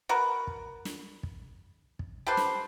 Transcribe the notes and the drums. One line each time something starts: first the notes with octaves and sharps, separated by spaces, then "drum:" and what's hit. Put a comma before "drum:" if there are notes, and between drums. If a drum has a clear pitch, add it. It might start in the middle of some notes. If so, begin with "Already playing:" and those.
F#4 A#4 B4
drum: kick
drum: snare
drum: kick
drum: kick
G4 A4 B4 C5
drum: snare